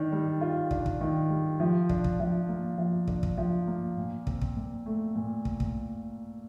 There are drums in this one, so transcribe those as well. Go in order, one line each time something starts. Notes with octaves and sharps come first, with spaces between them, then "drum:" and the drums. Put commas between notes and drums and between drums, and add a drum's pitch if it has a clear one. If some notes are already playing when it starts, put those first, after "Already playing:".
Already playing: D#3 D4
G3
F4
D4, drum: kick
drum: kick
D#3
G3
F3
D4, drum: kick
drum: kick
F3
A#3
F3
D4, drum: kick
drum: kick
F3
A#3
A#2
C4, drum: kick
drum: kick
A#2
A3
A#2
drum: kick
drum: kick